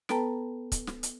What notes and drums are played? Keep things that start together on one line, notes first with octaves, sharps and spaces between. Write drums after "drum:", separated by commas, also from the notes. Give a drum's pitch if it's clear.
B3 A4 B4 G5 A5 A#5, drum: snare
drum: kick, hi-hat
drum: snare
drum: hi-hat